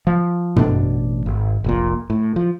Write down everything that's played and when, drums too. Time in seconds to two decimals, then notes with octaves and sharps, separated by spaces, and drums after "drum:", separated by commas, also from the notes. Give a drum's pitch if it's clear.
0.07 F3
0.56 A1 B2 D4, drum: tom
1.26 G#1
1.64 F1 A#1 A#2
2.10 A2
2.36 F3